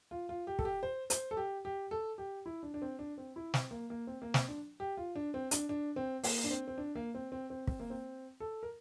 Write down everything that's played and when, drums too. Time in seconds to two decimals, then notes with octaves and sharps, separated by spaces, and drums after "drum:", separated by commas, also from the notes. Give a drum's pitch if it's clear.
0.11 F4
0.29 F4
0.47 G4
0.59 A4, drum: kick
0.65 G4
0.83 C5
1.10 C5, drum: hi-hat
1.31 A4
1.37 G4
1.65 G4
1.91 A4
2.18 G4
2.46 E4
2.63 D4
2.74 D4
2.82 C4
2.99 D4
3.18 C4
3.36 E4
3.54 C4, drum: snare
3.71 A#3
3.90 A#3
4.07 C4
4.22 A#3
4.34 C4, drum: snare
4.48 D4
4.80 G4
4.97 F4
5.15 D4
5.34 C4
5.51 D4, drum: hi-hat
5.69 D4
5.96 C4
6.24 A#3, drum: open hi-hat
6.44 D4
6.51 C4
6.68 C4
6.78 D4
6.96 A#3
7.15 C4
7.32 C4
7.50 C4
7.67 C4, drum: kick
7.80 A#3
7.90 C4
8.40 A4
8.63 A#4